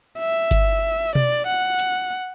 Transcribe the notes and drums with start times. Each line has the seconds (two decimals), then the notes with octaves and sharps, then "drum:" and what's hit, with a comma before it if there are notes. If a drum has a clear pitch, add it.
0.19 E5
0.51 drum: kick G1, hi-hat
1.15 D5, drum: tom B2
1.47 F#5
1.79 drum: hi-hat